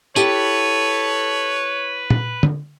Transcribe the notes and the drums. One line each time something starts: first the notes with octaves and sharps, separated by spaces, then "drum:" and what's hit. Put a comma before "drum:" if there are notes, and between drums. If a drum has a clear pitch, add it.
E4 G4 A4 B4 C#5, drum: tambourine
drum: tom
drum: tom